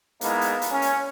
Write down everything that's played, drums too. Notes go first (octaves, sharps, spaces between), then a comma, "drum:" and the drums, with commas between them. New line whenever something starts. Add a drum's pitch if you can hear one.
G#3 A#3 B3 D#4 E4, drum: hi-hat
drum: hi-hat
drum: hi-hat
C#4
drum: hi-hat